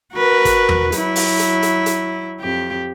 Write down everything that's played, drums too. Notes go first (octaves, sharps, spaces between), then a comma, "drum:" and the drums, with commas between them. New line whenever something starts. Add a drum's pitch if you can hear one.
F#4 A#4 B4
drum: kick, hi-hat
drum: tom E2
F#3 E4, drum: hi-hat
drum: open hi-hat
drum: hi-hat
drum: hi-hat
drum: hi-hat
F2 G4